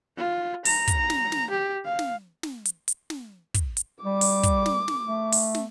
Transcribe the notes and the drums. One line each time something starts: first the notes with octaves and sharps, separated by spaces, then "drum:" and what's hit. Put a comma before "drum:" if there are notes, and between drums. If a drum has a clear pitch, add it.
F4
A#5, drum: open hi-hat
drum: kick, hi-hat
drum: snare
drum: snare
G4
F5
drum: snare
drum: snare
drum: hi-hat
drum: hi-hat
drum: snare
drum: kick, hi-hat
drum: hi-hat
G3 D6
drum: open hi-hat
drum: kick, hi-hat
drum: snare
drum: snare
A3
drum: open hi-hat
drum: snare